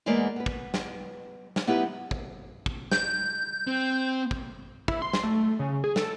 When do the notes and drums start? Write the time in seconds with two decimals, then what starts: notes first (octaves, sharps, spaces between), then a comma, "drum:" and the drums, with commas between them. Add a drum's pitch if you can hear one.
0.06 E2 G#3 A#3 B3 D5
0.36 B3 B4
0.46 drum: kick
0.74 drum: snare
1.56 drum: snare
1.67 B3 D#4 E4 G4 B4
2.11 drum: kick
2.66 drum: kick
2.92 G6, drum: snare
3.67 C4
4.31 drum: kick
4.88 E4, drum: kick
5.02 C6
5.13 drum: snare
5.24 A3
5.59 C#3
5.84 G#4
5.96 A4, drum: snare